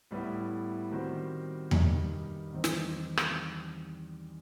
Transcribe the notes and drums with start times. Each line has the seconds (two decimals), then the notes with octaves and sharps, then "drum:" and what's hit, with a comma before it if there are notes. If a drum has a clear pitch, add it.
0.11 A2 G3 B3 E4
0.91 D#3 G3 C4 F#4 C5
1.71 G2 D#3 G3 D#4, drum: tom E2
2.51 E2 D#3 G3 C4 D#4
2.64 drum: snare
3.17 drum: rim click